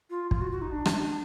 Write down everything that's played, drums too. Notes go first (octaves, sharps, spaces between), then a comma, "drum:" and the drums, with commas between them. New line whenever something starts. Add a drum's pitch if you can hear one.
F4
F4, drum: kick
F#4
F#4
D#4
D4
drum: rim click